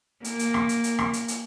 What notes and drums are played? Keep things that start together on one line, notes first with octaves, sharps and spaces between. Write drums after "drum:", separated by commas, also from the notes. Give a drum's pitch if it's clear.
A#3, drum: hi-hat
drum: hi-hat
drum: rim click
drum: hi-hat
drum: hi-hat
drum: rim click
drum: hi-hat
drum: hi-hat